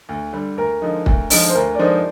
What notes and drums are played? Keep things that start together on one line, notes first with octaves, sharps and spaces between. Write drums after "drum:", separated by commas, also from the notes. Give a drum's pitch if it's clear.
D2
D3 G3
D2 A#4
D3 F3 G#3 D#4
D2, drum: kick
D3 F3 G#3 D#4, drum: open hi-hat
C5
D2 A#4
D5
D3 F3 G#3 D#4 C5